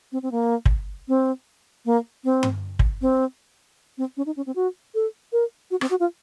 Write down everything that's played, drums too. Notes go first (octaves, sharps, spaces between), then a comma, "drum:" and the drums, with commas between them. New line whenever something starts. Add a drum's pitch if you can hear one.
C4
C4
A#3
drum: kick
C4
A#3
C4
drum: tom G2
drum: kick
C4
C4
C#4
D#4
C#4
C4
F#4
A4
A#4
F#4
C4, drum: rim click
F#4
F4